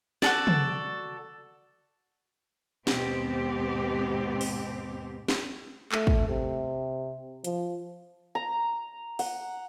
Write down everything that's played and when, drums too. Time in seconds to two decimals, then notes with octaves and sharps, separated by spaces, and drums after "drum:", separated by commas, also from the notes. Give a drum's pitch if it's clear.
0.22 F#4 A4 D5, drum: snare
0.47 drum: tom
2.87 D#2 G#2 B2 B3 C4 G4, drum: snare
4.41 drum: open hi-hat
5.28 drum: snare
5.92 A3, drum: clap
6.07 drum: kick
6.29 C3
7.44 F3, drum: hi-hat
8.35 A#5
9.19 F#5, drum: open hi-hat